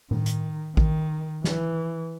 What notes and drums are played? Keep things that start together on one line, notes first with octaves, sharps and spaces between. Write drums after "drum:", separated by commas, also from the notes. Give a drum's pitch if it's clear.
D#3, drum: tom A2
drum: hi-hat
D#3, drum: kick A1
E3, drum: snare